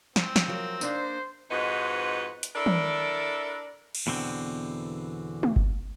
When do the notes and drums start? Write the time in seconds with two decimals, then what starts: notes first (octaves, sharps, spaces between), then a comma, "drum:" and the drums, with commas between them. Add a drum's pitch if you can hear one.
0.16 C4, drum: snare
0.36 drum: snare
0.48 F3 F#3 A#4
0.81 A#3 D4 D#4 C5, drum: tambourine
1.50 F2 G#2 D#4 F#4 B4
2.43 drum: hi-hat
2.56 D4 E4 A4 A#4 D5
2.66 drum: tom
3.95 drum: cymbal
4.07 E2 B2 D3 C4
5.43 drum: tom G#3
5.56 drum: kick G1